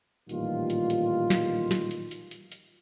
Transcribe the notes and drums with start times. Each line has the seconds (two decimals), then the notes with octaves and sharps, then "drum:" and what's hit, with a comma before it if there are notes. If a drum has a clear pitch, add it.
0.29 A1 A#2 D#3 G3 F4, drum: hi-hat
0.70 drum: hi-hat
0.90 drum: hi-hat
1.30 drum: snare
1.71 drum: snare
1.91 drum: hi-hat
2.11 drum: hi-hat
2.31 drum: hi-hat
2.52 drum: hi-hat